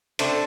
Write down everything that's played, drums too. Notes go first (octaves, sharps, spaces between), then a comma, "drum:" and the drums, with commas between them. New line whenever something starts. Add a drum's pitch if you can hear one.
C3 A3 D4 C5, drum: hi-hat